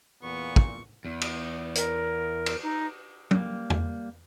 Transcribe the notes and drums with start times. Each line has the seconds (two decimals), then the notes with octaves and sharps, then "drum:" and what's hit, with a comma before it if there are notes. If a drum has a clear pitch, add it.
0.23 E2 A#2 B3 C#6
0.56 drum: kick
1.05 E2
1.21 drum: cymbal
1.75 A#4, drum: hi-hat
2.46 drum: cymbal
2.63 D#4
3.31 G3 A#3, drum: tom
3.70 drum: tom E2